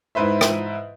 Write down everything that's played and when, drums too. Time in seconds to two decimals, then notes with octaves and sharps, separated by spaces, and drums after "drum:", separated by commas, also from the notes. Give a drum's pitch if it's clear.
0.15 G#2 E4 B4 C5 E5
0.41 drum: rim click